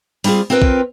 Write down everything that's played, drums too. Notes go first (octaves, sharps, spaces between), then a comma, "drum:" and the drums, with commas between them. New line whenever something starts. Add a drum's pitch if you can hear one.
G3 C4 D4 F4 G#4, drum: open hi-hat
C4 F4 A#4 B4 F#5 G5
drum: kick